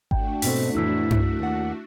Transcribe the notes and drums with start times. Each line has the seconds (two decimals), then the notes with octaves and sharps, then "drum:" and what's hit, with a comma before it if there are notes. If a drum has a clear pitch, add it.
0.11 A3 D4 F#4 G5, drum: kick G#1
0.42 G#2 B2 C4 A4 B6, drum: open hi-hat
0.75 F2 A2 E3 E4 E6 B6
1.11 drum: tom G2
1.39 D#2 F#5